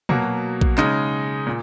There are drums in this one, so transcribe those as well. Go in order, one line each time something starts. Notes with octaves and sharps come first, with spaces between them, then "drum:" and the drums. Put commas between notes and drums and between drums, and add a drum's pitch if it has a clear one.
B2 F#3 A#3, drum: tom A#2
drum: kick A#1
C#3 G#3 D#4, drum: clap
A#2